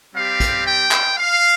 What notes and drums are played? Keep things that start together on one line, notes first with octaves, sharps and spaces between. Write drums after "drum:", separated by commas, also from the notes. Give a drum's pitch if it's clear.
G3 C4 G4 F5
drum: kick, hi-hat
G5
drum: clap
F5